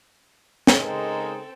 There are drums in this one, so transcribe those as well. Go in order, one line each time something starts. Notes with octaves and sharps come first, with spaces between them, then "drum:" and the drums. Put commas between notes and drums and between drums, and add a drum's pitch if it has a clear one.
drum: snare
C#3 G#3 C4 D#4 A4 A#4